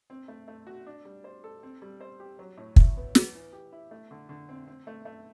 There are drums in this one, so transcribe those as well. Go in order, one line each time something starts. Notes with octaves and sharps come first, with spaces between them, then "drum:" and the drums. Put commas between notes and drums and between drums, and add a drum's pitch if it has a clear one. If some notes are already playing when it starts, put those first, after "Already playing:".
C4
A3
A3
F#4
D4
G3
C5
A4
C4
G3
C5
G4
F#3
A2
E4, drum: kick
B3
B3, drum: snare
E3
G4
E4
A3
D3
D3
C4
C4
A3
A3